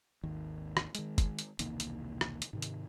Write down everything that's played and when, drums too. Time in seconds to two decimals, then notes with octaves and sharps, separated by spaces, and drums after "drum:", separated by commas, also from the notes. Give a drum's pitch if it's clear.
0.23 G#1 D#2 D#3
0.77 drum: rim click
0.95 D#3 G#3, drum: hi-hat
1.18 drum: kick, hi-hat
1.39 drum: hi-hat
1.59 E1 C2 D#3 A#3, drum: hi-hat
1.80 drum: hi-hat
2.21 drum: rim click
2.42 drum: hi-hat
2.53 G#2 C3 D#3
2.62 drum: hi-hat